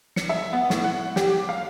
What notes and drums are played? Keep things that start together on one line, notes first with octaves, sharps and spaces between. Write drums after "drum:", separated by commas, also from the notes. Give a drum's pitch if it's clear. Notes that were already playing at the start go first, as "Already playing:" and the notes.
C#7, drum: snare
E5
B3
A2, drum: snare
F#5
G4, drum: snare
D6
F5